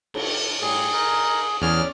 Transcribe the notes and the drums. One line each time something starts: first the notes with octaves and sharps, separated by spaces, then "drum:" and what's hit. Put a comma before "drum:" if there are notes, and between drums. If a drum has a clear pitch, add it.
drum: cymbal
A2 G3 G#4
D#4 A#4
E2 C#4 G#4 C#5 D5 F6